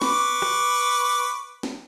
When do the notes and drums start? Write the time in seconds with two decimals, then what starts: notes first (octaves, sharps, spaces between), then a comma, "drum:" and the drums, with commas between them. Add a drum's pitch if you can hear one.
0.02 B4 C#6 D6, drum: snare
0.42 drum: rim click
1.63 drum: snare